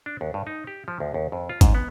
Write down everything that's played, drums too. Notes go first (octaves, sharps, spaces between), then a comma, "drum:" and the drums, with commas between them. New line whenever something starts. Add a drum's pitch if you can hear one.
D4
D#2
G2
D#4
G4
F3
D2
D#2
F2
F4
G#2, drum: kick G#1, hi-hat
B3